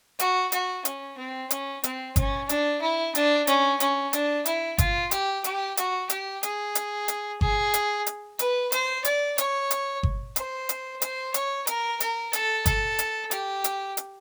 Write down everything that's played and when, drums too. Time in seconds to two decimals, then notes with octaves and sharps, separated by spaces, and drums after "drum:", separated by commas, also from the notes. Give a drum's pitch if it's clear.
0.19 F#4, drum: hi-hat
0.52 F#4, drum: hi-hat
0.85 C#4, drum: hi-hat
1.17 C4
1.51 C#4, drum: hi-hat
1.84 C4, drum: hi-hat
2.16 C#4, drum: kick G1, hi-hat
2.49 D4, drum: hi-hat
2.81 E4
3.15 D4, drum: hi-hat
3.47 C#4, drum: hi-hat
3.80 C#4, drum: hi-hat
4.13 D4, drum: hi-hat
4.46 E4, drum: hi-hat
4.78 F4, drum: kick G1, hi-hat
5.11 G4, drum: hi-hat
5.44 G4, drum: hi-hat
5.77 F#4, drum: hi-hat
6.10 G4, drum: hi-hat
6.43 G#4, drum: hi-hat
6.75 drum: hi-hat
7.08 drum: hi-hat
7.41 G#4, drum: kick G1
7.74 drum: hi-hat
8.06 drum: hi-hat
8.39 B4, drum: hi-hat
8.72 C5, drum: hi-hat
9.05 D5, drum: hi-hat
9.38 C#5, drum: hi-hat
9.71 drum: hi-hat
10.03 drum: kick G1
10.36 C5, drum: hi-hat
10.69 drum: hi-hat
11.02 C5, drum: hi-hat
11.34 C#5, drum: hi-hat
11.67 A#4, drum: hi-hat
12.00 A#4, drum: hi-hat
12.33 A4, drum: hi-hat
12.66 A4, drum: kick G1, hi-hat
12.99 drum: hi-hat
13.31 G4, drum: hi-hat
13.64 drum: hi-hat
13.97 drum: hi-hat